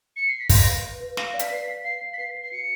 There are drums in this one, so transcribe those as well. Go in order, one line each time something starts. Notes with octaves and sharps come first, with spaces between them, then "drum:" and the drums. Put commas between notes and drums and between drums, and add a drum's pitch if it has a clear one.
C#7
C7
B6
F5 A#6, drum: kick, open hi-hat
B4
B4
B4
F5 A#6, drum: snare
D5
B6, drum: hi-hat
B4 C7
B6
F5
F5 C7
F5
B6
B4 C7
B4
C7
F#4 C#7